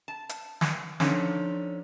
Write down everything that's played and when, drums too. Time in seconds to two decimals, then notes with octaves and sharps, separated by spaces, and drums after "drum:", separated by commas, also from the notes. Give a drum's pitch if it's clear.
0.08 A5
0.29 drum: hi-hat
0.61 drum: snare
1.00 D3 F3 C#4 D#4, drum: snare